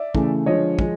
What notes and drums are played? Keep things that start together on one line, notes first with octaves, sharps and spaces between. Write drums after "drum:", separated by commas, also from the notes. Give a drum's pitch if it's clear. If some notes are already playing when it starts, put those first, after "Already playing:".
Already playing: D5 E5
C#3 E3 A3, drum: kick
D3 F3 G#3 C#5 D#5
F3 G#3, drum: kick